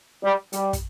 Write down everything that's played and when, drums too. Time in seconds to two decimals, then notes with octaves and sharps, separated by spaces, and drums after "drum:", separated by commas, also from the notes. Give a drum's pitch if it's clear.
0.23 G3
0.53 G3, drum: hi-hat
0.73 drum: kick, hi-hat